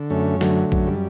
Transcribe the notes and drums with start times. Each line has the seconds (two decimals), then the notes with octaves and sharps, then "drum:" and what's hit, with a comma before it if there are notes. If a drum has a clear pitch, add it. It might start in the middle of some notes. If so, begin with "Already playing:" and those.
Already playing: D3
0.10 F#2 A3 C#4
0.41 D3 F#3 A3, drum: snare
0.72 F#2, drum: kick A#1
0.87 G3